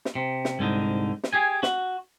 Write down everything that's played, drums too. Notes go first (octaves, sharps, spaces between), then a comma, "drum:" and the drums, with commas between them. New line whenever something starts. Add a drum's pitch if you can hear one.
drum: snare
C3
drum: snare
C2 G#2 D3 D#4
drum: snare
G4 G#4 G#5
F#4, drum: snare